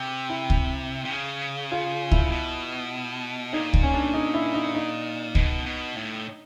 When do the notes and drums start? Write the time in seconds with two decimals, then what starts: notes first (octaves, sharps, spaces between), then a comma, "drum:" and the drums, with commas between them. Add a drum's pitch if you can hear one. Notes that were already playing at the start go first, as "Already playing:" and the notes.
Already playing: C3
0.30 E4
0.50 drum: kick C#2
1.05 C3
1.10 C#3
1.72 F4
2.11 E4, drum: kick C#2
2.32 B2
3.53 A#2 D#4
3.74 drum: kick C#2
3.83 C#4
3.94 D4
4.14 D#4
4.34 E4
4.54 D#4
4.75 D#4
5.35 B2, drum: kick C#2
5.66 B2
5.96 A2